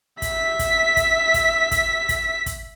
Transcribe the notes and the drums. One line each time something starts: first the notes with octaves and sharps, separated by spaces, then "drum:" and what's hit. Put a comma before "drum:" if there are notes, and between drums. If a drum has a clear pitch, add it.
E5 B6, drum: kick, hi-hat
drum: kick, hi-hat
drum: kick, hi-hat
drum: kick, hi-hat
drum: kick, hi-hat
drum: kick, hi-hat
drum: kick, hi-hat